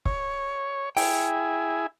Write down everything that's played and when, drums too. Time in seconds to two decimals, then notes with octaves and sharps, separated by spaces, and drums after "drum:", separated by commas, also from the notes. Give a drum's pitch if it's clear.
0.05 C#5, drum: kick
0.97 E4 G#4 G5, drum: open hi-hat